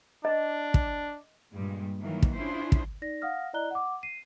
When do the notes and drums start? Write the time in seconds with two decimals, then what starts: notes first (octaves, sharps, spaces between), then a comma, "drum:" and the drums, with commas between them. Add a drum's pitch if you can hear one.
0.25 D4 D#5
0.74 drum: kick
1.54 G2 A#2 G3 G#3
2.01 D#3 E3 F#3 A#3
2.22 drum: kick
2.36 C#4 D4 E4 F4 G#4 C5
2.72 drum: kick
3.02 D#4 D5 A#6
3.22 F5 F#5 D#6 F6 A#6
3.53 E4 D5 D#5 A#5 F#6 G7
3.71 F#5 D6
4.03 C7 D#7